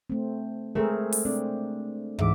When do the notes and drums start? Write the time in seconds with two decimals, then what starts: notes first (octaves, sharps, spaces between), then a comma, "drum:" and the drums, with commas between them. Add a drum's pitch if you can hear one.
0.10 A3 C4
0.75 G#3 A3 C4 G#4 A#4
1.12 drum: open hi-hat
1.25 C4 D4
2.19 G#2 E3 E5 D6, drum: kick